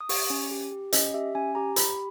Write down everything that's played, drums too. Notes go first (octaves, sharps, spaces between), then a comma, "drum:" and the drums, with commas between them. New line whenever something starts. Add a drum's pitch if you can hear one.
D#6
G4 C#6, drum: open hi-hat
C#4
G4
G4
C#4 D#5, drum: hi-hat
G4 E5
C#4 G#5
G4 A#5
G4 B5, drum: hi-hat